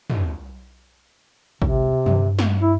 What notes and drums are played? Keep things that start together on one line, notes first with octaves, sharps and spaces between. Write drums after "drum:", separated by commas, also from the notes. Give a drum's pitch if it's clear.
drum: tom
C#2 C3, drum: kick
G2, drum: tom
drum: snare
E4